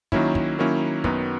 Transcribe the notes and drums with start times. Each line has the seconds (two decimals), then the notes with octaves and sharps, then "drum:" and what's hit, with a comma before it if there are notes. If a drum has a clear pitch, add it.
0.12 D#3 F#3 A#3 C#4 E4, drum: kick
0.35 drum: kick
0.59 D#3 F#3 A#3 C#4 E4
1.04 F#2 D#3 F#3 B3, drum: kick